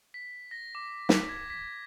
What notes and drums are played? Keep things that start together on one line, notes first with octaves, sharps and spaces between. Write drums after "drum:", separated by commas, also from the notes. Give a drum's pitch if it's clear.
B6
A#6
D6
B6, drum: snare
G#6
B6